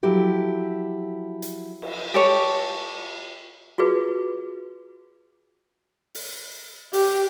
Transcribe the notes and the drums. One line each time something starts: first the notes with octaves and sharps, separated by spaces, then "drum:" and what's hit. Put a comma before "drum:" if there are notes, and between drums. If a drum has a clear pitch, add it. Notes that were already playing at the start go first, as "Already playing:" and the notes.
F3 F#3 E4 G4 A4
drum: hi-hat
drum: cymbal
G4 A4 C#5
F4 F#4 G#4 B4
drum: open hi-hat
G4, drum: open hi-hat